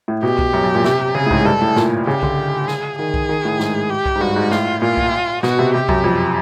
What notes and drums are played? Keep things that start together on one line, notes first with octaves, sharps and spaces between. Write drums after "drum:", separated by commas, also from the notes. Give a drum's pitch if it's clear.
A2
B2 G4
drum: kick B1
F#2
F#2
A#2
C3, drum: snare
C#3 G#4
A2
G#2, drum: kick B1
G2 A4
A2
A#2, drum: snare
C#3 G4
D3, drum: kick B1
G#4, drum: snare
D#3 G#4
drum: kick B1
D#3
A2
G#2, drum: snare
G4
drum: kick B1
G#2
G2 F#4
G#2
A2 F4, drum: snare
A#2 F4
drum: kick B1
B2 F#4, drum: snare
C3
C3 G4
F#2, drum: kick B1
F2